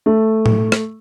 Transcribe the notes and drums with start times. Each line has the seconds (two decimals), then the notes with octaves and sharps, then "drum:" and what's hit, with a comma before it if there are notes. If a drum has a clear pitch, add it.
0.06 A3
0.46 drum: tom
0.72 drum: rim click